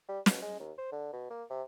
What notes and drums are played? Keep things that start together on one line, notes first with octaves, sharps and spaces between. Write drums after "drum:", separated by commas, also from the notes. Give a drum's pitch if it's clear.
G3
B2, drum: snare
G#3
D#2
C5
D3
B2
A#3
C3